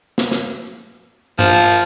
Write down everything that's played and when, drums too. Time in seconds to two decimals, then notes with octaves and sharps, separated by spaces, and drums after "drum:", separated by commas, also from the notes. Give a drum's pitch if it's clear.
0.18 drum: snare
0.31 drum: snare
1.39 F3, drum: tom G2